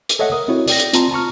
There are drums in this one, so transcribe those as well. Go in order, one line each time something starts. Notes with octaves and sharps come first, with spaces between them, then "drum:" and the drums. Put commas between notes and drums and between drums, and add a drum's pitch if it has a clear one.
drum: hi-hat
A4 C#5 D#5 E5 F#5
A#4 D#6
C4 E4 F#4 C#5
D5 G5 A#6, drum: open hi-hat
drum: hi-hat
C4 F4 A5 A#5 C6, drum: hi-hat
A5 A#5 C#6 F6